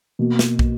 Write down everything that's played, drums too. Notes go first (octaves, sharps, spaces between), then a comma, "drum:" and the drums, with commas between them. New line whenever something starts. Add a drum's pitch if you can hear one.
B2 A#3
drum: snare
drum: kick